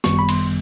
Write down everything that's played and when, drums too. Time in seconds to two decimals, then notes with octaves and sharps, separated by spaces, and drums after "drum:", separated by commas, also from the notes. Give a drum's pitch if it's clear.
0.04 G#1 F#2 D#3 G3 B3 C#6, drum: snare
0.19 B5
0.29 C6, drum: cymbal